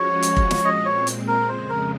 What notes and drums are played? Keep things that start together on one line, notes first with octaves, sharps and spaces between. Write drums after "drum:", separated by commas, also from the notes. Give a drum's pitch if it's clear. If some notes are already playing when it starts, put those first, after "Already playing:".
Already playing: F3 G#3 C#4 F#4 C#5
drum: hi-hat
drum: kick F1
drum: snare
A#2 G#3 C4 D#5
C#5
drum: hi-hat
A#4
F2 C#3 G#3 C5
A#4